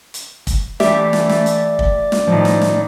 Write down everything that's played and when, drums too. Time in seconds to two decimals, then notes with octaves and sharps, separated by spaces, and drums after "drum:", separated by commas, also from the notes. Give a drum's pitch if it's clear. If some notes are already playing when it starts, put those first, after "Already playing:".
0.14 drum: hi-hat
0.47 drum: kick, hi-hat
0.80 E3 A3 G4 D5 E5, drum: snare
1.13 drum: snare
1.29 drum: snare
1.46 drum: hi-hat
1.79 drum: kick
2.12 drum: snare
2.27 A2 D#3 F3
2.45 drum: snare
2.61 drum: snare